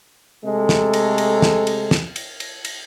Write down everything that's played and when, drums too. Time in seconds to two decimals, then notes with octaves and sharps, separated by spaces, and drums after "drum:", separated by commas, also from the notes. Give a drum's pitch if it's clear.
0.45 C3 G#3 A3 A4
0.69 drum: snare
0.93 drum: cymbal
1.18 drum: cymbal
1.42 drum: snare
1.67 drum: cymbal
1.91 drum: snare
2.16 drum: cymbal
2.40 drum: cymbal
2.65 drum: cymbal